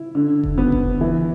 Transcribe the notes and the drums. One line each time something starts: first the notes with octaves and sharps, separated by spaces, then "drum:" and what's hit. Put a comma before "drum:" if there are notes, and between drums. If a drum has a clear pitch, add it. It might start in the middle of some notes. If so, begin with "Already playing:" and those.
Already playing: E4
D3
drum: kick F1
B3
drum: kick F1
E3